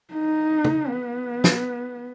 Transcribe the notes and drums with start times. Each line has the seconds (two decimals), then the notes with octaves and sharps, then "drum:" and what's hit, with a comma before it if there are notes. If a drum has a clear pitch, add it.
0.14 D#4
0.64 drum: tom
0.89 B3
1.44 drum: snare